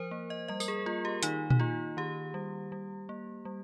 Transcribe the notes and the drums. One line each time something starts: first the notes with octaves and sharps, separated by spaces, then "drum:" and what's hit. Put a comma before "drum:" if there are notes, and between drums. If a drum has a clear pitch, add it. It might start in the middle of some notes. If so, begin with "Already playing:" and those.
Already playing: F3 A#4 C5
A#3
D#5
G3 D#5
A#4, drum: tambourine
G#4
A#3 F4
G4
D#3 D#4, drum: hi-hat
D#4, drum: tom A#2
A#3 F4
D#3 G4
G3
G3
A#3
G3